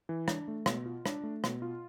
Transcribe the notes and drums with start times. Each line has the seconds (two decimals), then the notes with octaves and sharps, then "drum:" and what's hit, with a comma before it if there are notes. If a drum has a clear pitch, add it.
0.09 E3
0.28 D4, drum: rim click
0.48 A3
0.66 B2, drum: rim click
0.86 F4
1.06 D4, drum: rim click
1.23 A3
1.44 B2, drum: rim click
1.62 F4